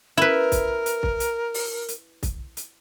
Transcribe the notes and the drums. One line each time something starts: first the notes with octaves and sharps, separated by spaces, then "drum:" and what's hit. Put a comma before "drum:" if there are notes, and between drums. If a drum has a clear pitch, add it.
E4 A#4 B4
drum: kick, hi-hat
drum: hi-hat
drum: kick
drum: hi-hat
drum: open hi-hat
drum: hi-hat
drum: kick, hi-hat
drum: hi-hat